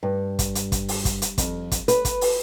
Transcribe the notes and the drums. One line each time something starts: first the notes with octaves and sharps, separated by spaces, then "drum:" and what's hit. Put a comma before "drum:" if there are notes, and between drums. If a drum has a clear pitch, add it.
G2
drum: kick, hi-hat
drum: hi-hat
drum: kick, hi-hat
drum: open hi-hat
drum: kick, hi-hat
drum: hi-hat
F2, drum: kick, hi-hat
drum: kick, hi-hat
B4, drum: hi-hat
drum: kick, hi-hat
drum: open hi-hat